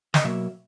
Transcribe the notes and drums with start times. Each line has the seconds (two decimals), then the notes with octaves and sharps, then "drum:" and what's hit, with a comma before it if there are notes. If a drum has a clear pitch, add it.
0.14 D#5, drum: snare
0.24 B2 F#3 A#3 E5